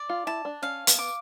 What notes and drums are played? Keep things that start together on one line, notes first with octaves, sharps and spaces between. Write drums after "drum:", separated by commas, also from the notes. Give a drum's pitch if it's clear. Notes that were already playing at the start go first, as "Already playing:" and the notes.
Already playing: D5
F4
E4 A5
D4
C#4 F5
B3, drum: hi-hat
D6